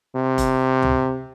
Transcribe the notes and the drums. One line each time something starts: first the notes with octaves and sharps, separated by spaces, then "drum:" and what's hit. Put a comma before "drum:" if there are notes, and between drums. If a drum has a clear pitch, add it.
C3
drum: kick F1, hi-hat
drum: tom C#2